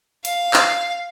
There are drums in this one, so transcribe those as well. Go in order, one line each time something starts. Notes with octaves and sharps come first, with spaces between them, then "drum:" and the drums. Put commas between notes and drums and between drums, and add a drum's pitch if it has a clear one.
F5, drum: hi-hat
drum: clap